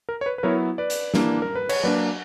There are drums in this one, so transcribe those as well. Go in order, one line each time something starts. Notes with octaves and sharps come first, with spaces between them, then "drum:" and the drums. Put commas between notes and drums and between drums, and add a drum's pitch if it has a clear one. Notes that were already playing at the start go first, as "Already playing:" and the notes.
A#4
C#5
B4
B4
F#3 B3 E4 A#4 C#5
B4 D5
drum: hi-hat
E3 A#3 D4, drum: snare
A#4
B4
C#5, drum: cymbal
F#3 A#3 D4 B4 D5